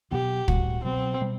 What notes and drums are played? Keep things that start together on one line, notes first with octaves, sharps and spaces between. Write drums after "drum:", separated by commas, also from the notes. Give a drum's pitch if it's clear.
B2 F#3 B3 D4 G4
A2 G3 C4 F#4, drum: kick
B2 F#3 B3 C4
B2 G3 C4